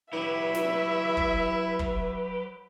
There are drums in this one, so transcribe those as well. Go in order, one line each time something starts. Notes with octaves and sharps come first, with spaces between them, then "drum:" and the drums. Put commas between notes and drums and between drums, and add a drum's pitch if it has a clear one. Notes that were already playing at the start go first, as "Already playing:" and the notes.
F#3 E4 G4 B4 E5
drum: snare
drum: kick
drum: kick